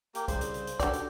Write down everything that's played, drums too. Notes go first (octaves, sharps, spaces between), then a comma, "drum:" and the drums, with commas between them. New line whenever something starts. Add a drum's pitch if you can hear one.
A#3 G4, drum: hi-hat
C2 C#3 C5, drum: kick B1, hi-hat
drum: hi-hat
drum: hi-hat
drum: hi-hat
D3 F#4 G4 D5, drum: kick B1, hi-hat
drum: hi-hat